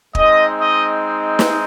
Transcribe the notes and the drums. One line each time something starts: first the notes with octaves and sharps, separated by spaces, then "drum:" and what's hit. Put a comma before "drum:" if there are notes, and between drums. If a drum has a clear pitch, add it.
G#3 C4 D#4 D#5, drum: kick
D#5
drum: snare